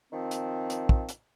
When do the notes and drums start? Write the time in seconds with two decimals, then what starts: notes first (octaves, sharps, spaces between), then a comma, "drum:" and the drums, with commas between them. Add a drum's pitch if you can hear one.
0.12 D#3 F3 C4
0.31 drum: hi-hat
0.70 drum: hi-hat
0.89 drum: kick
1.09 drum: hi-hat